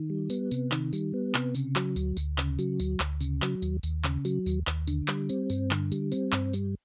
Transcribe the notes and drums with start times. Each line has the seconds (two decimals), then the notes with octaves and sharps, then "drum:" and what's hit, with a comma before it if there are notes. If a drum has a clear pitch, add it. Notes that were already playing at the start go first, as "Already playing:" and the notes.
Already playing: D#3
0.10 G3
0.30 B3, drum: tambourine
0.51 C3, drum: tambourine
0.72 D#3, drum: clap
0.93 G3, drum: tambourine
1.14 B3
1.35 C3, drum: clap
1.55 C#3, drum: tambourine
1.76 F#3, drum: clap
1.96 D2, drum: tambourine
2.17 D2, drum: tambourine
2.38 C#3, drum: clap
2.59 F#3, drum: tambourine
2.80 D2, drum: tambourine
3.00 D2, drum: clap
3.21 C#3, drum: tambourine
3.42 F#3, drum: clap
3.62 D#2, drum: tambourine
3.83 D#2, drum: tambourine
4.04 C#3, drum: clap
4.25 F#3, drum: tambourine
4.46 D#2, drum: tambourine
4.67 D#2, drum: clap
4.87 D3, drum: tambourine
5.08 G3, drum: clap
5.29 C4, drum: tambourine
5.50 G2, drum: tambourine
5.71 D3, drum: clap
5.92 G3, drum: tambourine
6.12 C4, drum: tambourine
6.32 G2, drum: clap
6.53 G3, drum: tambourine